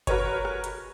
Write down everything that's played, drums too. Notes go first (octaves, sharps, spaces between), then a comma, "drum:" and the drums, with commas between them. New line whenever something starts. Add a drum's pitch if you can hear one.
F#4 A#4 B4 C#5, drum: kick G1, hi-hat
drum: rim click
drum: hi-hat